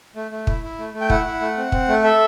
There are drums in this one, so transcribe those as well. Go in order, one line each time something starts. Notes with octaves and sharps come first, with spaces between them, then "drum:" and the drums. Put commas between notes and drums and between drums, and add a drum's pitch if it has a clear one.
A3
A3
E4, drum: kick
E4
A3
A3
G5
E4 F#5, drum: kick
E4
A3
C4
C4, drum: kick
A3
A4 E5